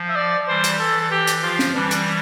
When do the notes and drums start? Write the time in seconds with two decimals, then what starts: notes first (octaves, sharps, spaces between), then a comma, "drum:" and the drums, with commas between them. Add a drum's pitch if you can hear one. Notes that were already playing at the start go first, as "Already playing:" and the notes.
Already playing: F3
0.09 E5
0.16 D5
0.48 E3 G3 C5
0.64 drum: hi-hat
0.80 E3 A4
1.01 A4
1.11 E3 G4
1.27 drum: hi-hat
1.43 F3 F4
1.59 drum: snare
1.75 E3 G3 D4
1.91 drum: hi-hat